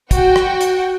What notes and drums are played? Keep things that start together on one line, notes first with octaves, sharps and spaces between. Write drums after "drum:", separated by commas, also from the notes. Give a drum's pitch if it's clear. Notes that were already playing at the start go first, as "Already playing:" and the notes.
F#4 G5, drum: kick, hi-hat
drum: rim click
drum: hi-hat